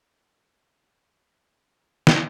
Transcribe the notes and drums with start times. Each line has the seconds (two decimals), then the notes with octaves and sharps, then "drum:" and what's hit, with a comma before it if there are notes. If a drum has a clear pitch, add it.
0.05 C#5 E5 F#5 A5 B5 G#6
2.07 drum: snare